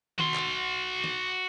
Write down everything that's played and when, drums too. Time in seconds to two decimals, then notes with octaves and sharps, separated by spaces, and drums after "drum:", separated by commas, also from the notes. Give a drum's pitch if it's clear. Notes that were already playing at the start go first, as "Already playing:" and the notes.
0.19 F#4 C6, drum: tom D#3
0.34 drum: clap
1.04 drum: snare